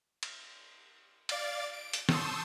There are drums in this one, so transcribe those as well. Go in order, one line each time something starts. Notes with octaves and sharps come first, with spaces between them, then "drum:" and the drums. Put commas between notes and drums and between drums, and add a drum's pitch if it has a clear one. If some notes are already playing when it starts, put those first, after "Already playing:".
drum: cymbal
D5 F5 A6 D7, drum: cymbal
D7
drum: hi-hat
A5 C6 C#6 D#6 E6 G6, drum: snare